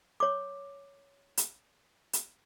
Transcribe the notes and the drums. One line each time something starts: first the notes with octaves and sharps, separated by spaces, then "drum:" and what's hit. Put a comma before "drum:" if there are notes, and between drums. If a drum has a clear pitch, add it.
C#5 D6
drum: hi-hat
drum: hi-hat